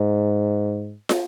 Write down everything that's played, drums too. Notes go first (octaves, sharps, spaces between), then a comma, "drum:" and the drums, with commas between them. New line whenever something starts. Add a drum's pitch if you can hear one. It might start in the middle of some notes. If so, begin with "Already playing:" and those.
Already playing: G#2
drum: snare